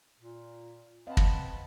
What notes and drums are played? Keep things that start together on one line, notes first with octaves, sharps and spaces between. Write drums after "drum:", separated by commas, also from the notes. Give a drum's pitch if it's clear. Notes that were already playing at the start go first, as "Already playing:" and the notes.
A#2
B3 C4 D#5 F5 A5
drum: kick